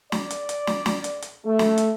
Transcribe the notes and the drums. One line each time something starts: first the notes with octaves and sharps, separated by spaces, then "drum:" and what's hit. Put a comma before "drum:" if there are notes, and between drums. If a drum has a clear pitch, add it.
D5, drum: snare
drum: hi-hat
drum: hi-hat
drum: snare
drum: snare
drum: hi-hat
drum: hi-hat
A3
drum: snare
drum: hi-hat